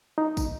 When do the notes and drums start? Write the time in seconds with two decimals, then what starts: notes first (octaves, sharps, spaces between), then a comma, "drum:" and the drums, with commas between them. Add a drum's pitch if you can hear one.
0.18 D#4
0.37 drum: kick, tambourine